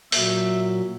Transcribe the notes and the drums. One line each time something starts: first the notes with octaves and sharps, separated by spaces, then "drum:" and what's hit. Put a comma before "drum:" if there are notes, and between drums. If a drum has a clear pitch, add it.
A#2 F#3 E5, drum: open hi-hat